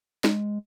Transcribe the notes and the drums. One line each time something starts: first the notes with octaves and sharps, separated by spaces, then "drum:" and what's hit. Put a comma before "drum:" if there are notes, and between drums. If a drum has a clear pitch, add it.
G#3, drum: snare